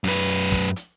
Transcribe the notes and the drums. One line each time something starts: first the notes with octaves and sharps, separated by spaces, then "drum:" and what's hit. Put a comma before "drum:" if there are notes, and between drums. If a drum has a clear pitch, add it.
F#2 B4
drum: hi-hat
drum: kick, hi-hat
drum: hi-hat